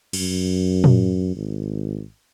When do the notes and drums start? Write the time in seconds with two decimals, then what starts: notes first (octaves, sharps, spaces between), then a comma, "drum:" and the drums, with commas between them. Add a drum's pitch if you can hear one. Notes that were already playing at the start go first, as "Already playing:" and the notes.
0.13 F#2, drum: cymbal
0.84 drum: tom
1.36 G#1